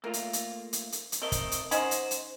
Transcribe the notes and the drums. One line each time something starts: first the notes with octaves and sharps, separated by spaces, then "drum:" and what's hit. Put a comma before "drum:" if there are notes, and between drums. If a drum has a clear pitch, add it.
A3 A#3 F4 A#4
drum: hi-hat
drum: hi-hat
drum: hi-hat
drum: hi-hat
drum: hi-hat
A3 C4 A#4 D#5
drum: kick, hi-hat
drum: hi-hat
C#4 D#4 C5 D#5 F#5, drum: hi-hat
drum: hi-hat
drum: hi-hat